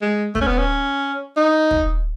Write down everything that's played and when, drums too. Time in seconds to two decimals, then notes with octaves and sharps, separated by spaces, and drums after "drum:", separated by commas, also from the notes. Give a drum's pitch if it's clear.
0.02 G#3
0.35 A3, drum: kick
0.41 C#4
0.47 B3
0.58 C#4
1.37 D#4
1.71 drum: kick